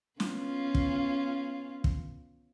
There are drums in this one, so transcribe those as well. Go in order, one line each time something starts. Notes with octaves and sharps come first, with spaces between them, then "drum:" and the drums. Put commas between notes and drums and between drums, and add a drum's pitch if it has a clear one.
B3 C#4 F4, drum: snare
drum: kick
drum: kick